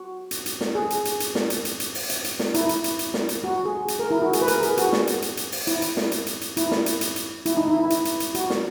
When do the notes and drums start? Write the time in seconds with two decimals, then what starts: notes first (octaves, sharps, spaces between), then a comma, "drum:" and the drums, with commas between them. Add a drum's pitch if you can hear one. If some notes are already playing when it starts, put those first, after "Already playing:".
Already playing: F#4
0.31 drum: hi-hat
0.46 drum: hi-hat
0.61 drum: snare
0.75 G#4
0.90 drum: hi-hat
1.05 drum: hi-hat
1.20 drum: hi-hat
1.35 drum: snare
1.50 drum: hi-hat
1.65 drum: hi-hat
1.80 drum: hi-hat
1.95 drum: open hi-hat
2.10 drum: hi-hat
2.24 drum: hi-hat
2.39 drum: snare
2.54 E4, drum: hi-hat
2.69 drum: hi-hat
2.84 drum: hi-hat
2.99 drum: hi-hat
3.14 drum: snare
3.29 drum: hi-hat
3.44 F#4
3.65 G#4
3.88 drum: hi-hat
3.99 A#4
4.10 E4
4.22 F#4
4.33 G#4, drum: hi-hat
4.41 B4
4.48 A#4, drum: hi-hat
4.63 G#4, drum: hi-hat
4.77 F#4, drum: hi-hat
4.92 drum: snare
5.07 drum: hi-hat
5.22 drum: hi-hat
5.37 drum: hi-hat
5.52 drum: open hi-hat
5.67 E4, drum: hi-hat
5.82 drum: hi-hat
5.97 drum: snare
6.12 drum: hi-hat
6.27 drum: hi-hat
6.41 drum: hi-hat
6.57 E4, drum: hi-hat
6.71 drum: snare
6.86 drum: hi-hat
7.01 drum: hi-hat
7.16 drum: hi-hat
7.46 E4, drum: hi-hat
7.57 D#4
7.68 E4
7.80 E4
7.90 drum: hi-hat
8.05 drum: hi-hat
8.20 drum: hi-hat
8.35 F#4, drum: hi-hat
8.50 drum: snare